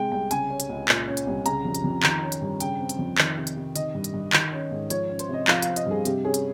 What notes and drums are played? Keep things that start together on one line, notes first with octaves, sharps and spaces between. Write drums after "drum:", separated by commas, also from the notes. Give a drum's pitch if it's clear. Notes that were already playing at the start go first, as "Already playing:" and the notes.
Already playing: C3 G#3 G5
C2 G5
C#3 G#5, drum: hi-hat
C#4
drum: hi-hat
C#2
A#2, drum: clap
C#4
drum: hi-hat
C2
C#3 A#5, drum: hi-hat
F2
drum: hi-hat
F2
D#3, drum: clap
C#4
drum: hi-hat
G2
C#3 G5, drum: hi-hat
C4
drum: hi-hat
F2
D#3, drum: clap
C3
drum: hi-hat
C3
D#3 D#5, drum: hi-hat
G2
drum: hi-hat
G2
D#3, drum: clap
C#4
G#2
F3 C#5, drum: hi-hat
C#4
C5, drum: hi-hat
C3 D#5
F3 F5, drum: clap
C4 F5, drum: hi-hat
D#5, drum: hi-hat
G2 G#4
C3 G4, drum: hi-hat
C#4 G#4
drum: hi-hat